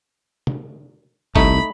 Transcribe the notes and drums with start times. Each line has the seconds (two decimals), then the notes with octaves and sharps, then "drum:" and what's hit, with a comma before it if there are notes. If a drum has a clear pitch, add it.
0.47 drum: tom
1.36 C2 A3 D#4 B5, drum: kick G1